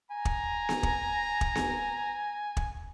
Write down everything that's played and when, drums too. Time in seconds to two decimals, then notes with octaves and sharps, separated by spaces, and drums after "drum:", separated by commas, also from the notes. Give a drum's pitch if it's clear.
0.11 G#5 A#5
0.25 drum: kick
0.69 drum: snare B3
0.83 drum: kick
1.41 drum: kick
1.55 drum: snare B3
2.57 drum: kick